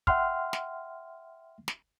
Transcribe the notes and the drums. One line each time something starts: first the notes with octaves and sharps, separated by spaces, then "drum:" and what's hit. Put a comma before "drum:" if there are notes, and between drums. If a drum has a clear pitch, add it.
E5 F#5 G5 C6 F6, drum: kick
drum: snare
drum: snare